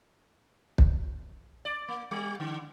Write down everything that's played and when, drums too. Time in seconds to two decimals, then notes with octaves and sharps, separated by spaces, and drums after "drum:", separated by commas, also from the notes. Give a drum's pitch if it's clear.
0.78 drum: kick
1.65 D5
1.89 A#3
2.11 G3
2.40 D3